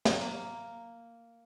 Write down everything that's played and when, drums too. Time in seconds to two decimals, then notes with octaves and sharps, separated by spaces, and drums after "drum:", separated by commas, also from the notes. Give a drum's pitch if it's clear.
0.05 drum: snare
0.21 A#3